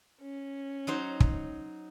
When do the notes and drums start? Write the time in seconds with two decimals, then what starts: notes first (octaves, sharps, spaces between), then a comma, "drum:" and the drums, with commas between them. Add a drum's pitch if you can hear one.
0.21 C#4
0.87 F#3 D#4 C5
1.20 drum: kick